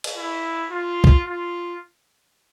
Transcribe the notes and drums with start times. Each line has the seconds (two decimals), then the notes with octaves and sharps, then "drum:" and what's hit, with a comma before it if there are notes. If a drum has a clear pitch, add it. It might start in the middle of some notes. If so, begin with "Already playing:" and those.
0.04 drum: cymbal
0.16 E4
0.70 F4
1.04 drum: kick C2
1.26 F4